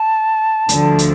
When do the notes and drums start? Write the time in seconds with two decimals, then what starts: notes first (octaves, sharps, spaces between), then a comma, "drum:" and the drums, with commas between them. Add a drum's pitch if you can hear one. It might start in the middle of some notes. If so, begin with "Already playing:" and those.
Already playing: A5
0.69 D2 D3 F3, drum: hi-hat
0.99 drum: hi-hat